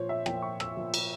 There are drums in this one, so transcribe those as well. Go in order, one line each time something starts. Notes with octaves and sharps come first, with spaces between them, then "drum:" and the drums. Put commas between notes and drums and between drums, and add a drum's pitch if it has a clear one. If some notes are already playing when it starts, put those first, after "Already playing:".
Already playing: A#2 F3 C5 C#5
E5
A#2 F3 G5, drum: rim click
C#6
E6, drum: rim click
A#2 F3
drum: cymbal